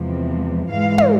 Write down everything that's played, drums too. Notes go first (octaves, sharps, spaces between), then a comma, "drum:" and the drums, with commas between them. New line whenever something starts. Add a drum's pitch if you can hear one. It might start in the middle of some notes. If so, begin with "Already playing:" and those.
Already playing: E2 C3 F3 G#3
G#2 E3 G#3 F5
drum: tom